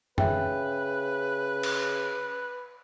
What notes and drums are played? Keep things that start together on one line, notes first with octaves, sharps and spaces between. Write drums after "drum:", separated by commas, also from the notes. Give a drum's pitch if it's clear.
C#3 B4 E5 G5, drum: tom F#2
drum: cymbal